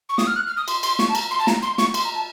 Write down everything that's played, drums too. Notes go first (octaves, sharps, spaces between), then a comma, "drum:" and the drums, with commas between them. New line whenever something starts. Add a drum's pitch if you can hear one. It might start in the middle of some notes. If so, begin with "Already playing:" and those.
C#6
D#6, drum: snare
F6
F#6
F6
D#6
C6, drum: cymbal
C6, drum: cymbal
C#6, drum: snare
A5
A#5, drum: cymbal
C6
A5
A#5, drum: snare
C6
C#6, drum: snare
C6, drum: cymbal
A#5
A5